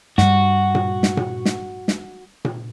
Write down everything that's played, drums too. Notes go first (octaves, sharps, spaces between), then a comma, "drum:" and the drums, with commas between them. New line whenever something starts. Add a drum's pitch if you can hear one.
G2 G3 F#4, drum: snare
drum: tom A#2
drum: snare
drum: tom A#2
drum: snare
drum: snare
drum: tom A#2